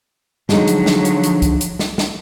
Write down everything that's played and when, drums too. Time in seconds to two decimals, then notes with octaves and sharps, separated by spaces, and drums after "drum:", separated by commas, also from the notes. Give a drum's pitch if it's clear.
0.49 D3 F3 F#3 G#3 D#4, drum: snare
0.68 drum: hi-hat
0.86 drum: snare
1.05 drum: hi-hat
1.23 drum: hi-hat
1.42 drum: kick, hi-hat
1.61 drum: hi-hat
1.79 drum: snare
1.98 drum: snare